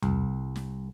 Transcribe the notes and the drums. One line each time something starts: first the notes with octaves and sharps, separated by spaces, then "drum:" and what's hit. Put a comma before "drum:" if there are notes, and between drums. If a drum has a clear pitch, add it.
C2, drum: tom E2
drum: snare